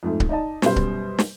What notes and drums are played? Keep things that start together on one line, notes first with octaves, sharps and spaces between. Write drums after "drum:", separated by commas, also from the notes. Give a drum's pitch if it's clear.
F2 G#2 A3
drum: kick C#1
D#4 D5 D#5 A5
F#2 B2 G3 B4 C5, drum: snare
drum: kick C#1
drum: snare